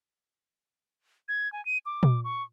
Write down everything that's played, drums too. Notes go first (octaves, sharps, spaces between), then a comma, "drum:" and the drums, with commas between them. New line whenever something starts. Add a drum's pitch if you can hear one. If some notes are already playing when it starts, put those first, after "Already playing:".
G#6
G#5
D#7
D6
drum: tom A#2
C#6